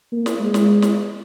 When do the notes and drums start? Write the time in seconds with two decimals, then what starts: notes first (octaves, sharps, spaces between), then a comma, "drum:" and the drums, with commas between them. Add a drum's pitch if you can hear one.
0.12 A#3
0.26 drum: snare
0.40 G#3
0.54 drum: snare
0.82 drum: snare